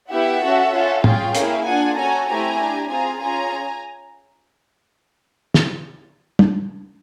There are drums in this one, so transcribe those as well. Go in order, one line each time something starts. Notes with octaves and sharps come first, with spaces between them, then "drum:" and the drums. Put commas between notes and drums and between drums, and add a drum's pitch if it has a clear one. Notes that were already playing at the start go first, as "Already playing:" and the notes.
B3 E4 G4 E5 F#5
C#4 F#4 A4
C#4 F4 A4
C#4 F4 G#4 F5 G5, drum: tom
A#3 C#4 E4 G#4, drum: hi-hat
D4 F4 G#4 F#5 G#5
C#4 F#4 A4 G#5 A#5
A3 C4 E4 G4 G#5 A#5
D4 G4
C4 F4 G#4 G#5 A#5
C#4 F4 G#4 G#5 A#5
drum: snare
drum: tom